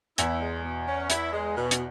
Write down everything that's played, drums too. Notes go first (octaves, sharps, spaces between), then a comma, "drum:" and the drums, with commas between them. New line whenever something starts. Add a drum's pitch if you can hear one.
E2 E4, drum: hi-hat
G#3
B2
C#4
E4, drum: hi-hat
G#3
B2
drum: hi-hat